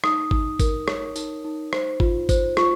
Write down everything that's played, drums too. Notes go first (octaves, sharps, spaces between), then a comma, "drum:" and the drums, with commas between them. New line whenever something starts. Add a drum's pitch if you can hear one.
D#4 D#6, drum: rim click
D#4, drum: kick G#1
A#4, drum: kick G#1, tambourine
C#5, drum: rim click
D#4, drum: tambourine
D#4
C5, drum: rim click
F4, drum: kick G#1
C5, drum: kick G#1, tambourine
F4 C#6, drum: rim click